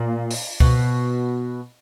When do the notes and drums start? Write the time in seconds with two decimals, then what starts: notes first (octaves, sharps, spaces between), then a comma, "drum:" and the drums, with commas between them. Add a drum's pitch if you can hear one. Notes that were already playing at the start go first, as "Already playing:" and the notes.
Already playing: A#2
0.31 drum: open hi-hat
0.60 B2, drum: kick